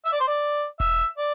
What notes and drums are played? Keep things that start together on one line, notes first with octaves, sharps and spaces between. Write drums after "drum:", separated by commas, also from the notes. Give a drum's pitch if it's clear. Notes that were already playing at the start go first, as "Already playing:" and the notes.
E5, drum: hi-hat
D5
C5
D5
E5, drum: kick E1
D5